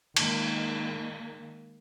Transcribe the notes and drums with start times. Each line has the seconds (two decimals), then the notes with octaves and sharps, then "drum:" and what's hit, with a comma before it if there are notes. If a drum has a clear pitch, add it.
0.17 D#3 G#3 A#3, drum: cymbal